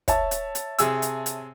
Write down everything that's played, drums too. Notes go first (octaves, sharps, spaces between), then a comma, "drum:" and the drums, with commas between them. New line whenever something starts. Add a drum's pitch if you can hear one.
C#5 E5 A5, drum: kick, hi-hat
drum: hi-hat
drum: hi-hat
C3 G#4 E6, drum: hi-hat
drum: hi-hat
drum: hi-hat